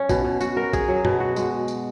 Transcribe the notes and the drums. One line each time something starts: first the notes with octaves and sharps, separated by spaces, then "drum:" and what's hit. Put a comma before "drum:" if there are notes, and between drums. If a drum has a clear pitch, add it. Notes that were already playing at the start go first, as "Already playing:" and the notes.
Already playing: C#4
B2, drum: kick, tambourine
B2
F#4, drum: tambourine
A#4
G#4, drum: kick, tambourine
F#3
B2, drum: tom F#2
F#4
G#3, drum: tambourine
drum: tambourine